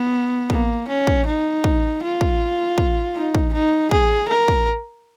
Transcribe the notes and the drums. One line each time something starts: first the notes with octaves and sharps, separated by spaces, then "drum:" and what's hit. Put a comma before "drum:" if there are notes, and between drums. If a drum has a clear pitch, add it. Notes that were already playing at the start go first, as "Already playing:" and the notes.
Already playing: B3
A#3, drum: kick
C#4
drum: kick
D#4
drum: kick
F4
drum: kick
drum: kick
D#4
drum: kick
D#4
G#4, drum: kick
A#4
drum: kick